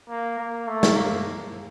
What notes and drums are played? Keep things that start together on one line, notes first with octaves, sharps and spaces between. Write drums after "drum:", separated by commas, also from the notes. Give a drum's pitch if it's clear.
A#3
A#3
A3
drum: snare
A#3